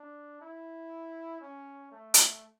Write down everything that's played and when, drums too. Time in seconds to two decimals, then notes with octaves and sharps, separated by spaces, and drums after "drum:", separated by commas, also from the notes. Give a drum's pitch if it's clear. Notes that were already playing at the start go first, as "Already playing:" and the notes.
Already playing: D4
0.41 E4
1.41 C#4
1.92 A3
2.14 drum: hi-hat